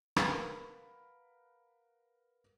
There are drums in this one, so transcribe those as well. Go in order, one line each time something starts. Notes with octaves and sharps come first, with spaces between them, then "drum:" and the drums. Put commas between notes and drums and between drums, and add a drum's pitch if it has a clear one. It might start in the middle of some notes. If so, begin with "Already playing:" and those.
A#4 B4 F5 F#5 B5, drum: rim click